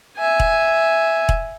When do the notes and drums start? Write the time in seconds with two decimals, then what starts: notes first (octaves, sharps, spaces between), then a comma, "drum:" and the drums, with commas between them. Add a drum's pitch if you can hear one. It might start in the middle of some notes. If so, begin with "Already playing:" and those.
0.17 E5 G#5
0.40 drum: kick E1
1.29 drum: kick E1